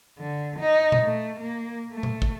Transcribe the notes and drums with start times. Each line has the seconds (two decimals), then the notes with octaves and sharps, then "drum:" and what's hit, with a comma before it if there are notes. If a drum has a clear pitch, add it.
0.18 D3
0.60 D#4
0.92 drum: tom A#2
1.04 A3
1.40 A#3
1.92 A3
2.03 drum: tom A#2
2.22 drum: kick